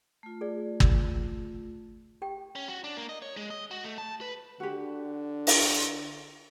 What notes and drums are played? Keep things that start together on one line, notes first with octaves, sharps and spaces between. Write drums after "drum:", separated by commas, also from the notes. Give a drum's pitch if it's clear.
A3 F4
G#4 D5
drum: kick G1
G4 G5
C#4
F#4
D4
A#3
D#5
C#5
G#3
D#5
F#4
A3
A5
B4
D3 F#4 G4
drum: open hi-hat